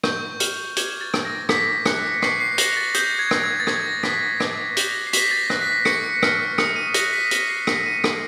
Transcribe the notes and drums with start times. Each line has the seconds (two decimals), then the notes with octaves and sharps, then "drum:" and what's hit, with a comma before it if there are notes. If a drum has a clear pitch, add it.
0.04 C#6 G6, drum: rim click
0.40 F6, drum: hi-hat
0.76 D6 G#6, drum: hi-hat
1.01 A6
1.14 F6, drum: rim click
1.25 A#6
1.49 D6 B6, drum: rim click
1.86 F#6 C#7, drum: rim click
2.22 C#6 C7, drum: rim click
2.40 C7
2.58 F#6 A#6, drum: hi-hat
2.77 A6
2.94 D#6 G6, drum: hi-hat
3.19 G#6
3.31 G6, drum: rim click
3.43 G#6
3.60 A6
3.67 C#6 G#6, drum: rim click
3.86 A#6
4.03 F#6 B6, drum: rim click
4.40 D6 G#6, drum: rim click
4.77 G6, drum: hi-hat
4.88 A#6
5.07 C7
5.13 C#6 B6, drum: hi-hat
5.31 A6
5.37 A#6
5.50 F#6, drum: rim click
5.62 B6
5.85 C#6 C#7, drum: rim click
6.23 F6, drum: rim click
6.58 D#6 C#7, drum: rim click
6.76 D#7
6.94 F#6 A#6, drum: hi-hat
7.13 B6
7.31 D#6, drum: hi-hat
7.49 C7
7.67 F#6 C#7, drum: rim click
7.86 D#7
8.04 C#6 C#7, drum: rim click